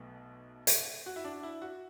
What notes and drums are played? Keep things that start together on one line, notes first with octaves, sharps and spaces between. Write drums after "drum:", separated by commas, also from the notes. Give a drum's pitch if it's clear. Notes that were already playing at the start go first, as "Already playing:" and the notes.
Already playing: B1 B2 A3
drum: hi-hat
F#4
E4
D4
E4
F#4